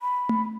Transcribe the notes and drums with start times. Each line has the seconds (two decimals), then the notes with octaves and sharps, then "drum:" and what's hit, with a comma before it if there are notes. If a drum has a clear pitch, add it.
0.01 B5
0.29 drum: tom A3